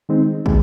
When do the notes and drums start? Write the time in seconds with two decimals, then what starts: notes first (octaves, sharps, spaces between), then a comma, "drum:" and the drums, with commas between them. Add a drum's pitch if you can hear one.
0.09 D#3 G#3 C4 D#4
0.46 D#3 G#3, drum: kick